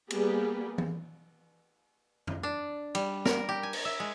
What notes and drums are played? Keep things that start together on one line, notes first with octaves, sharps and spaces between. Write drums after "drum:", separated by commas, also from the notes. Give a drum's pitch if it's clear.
G3 A#3 B3 G4 G#4, drum: cymbal
drum: tom E3
drum: tom F2
D4
G3, drum: cymbal
A#4, drum: snare
G4
G#5
drum: cymbal
E5
G#3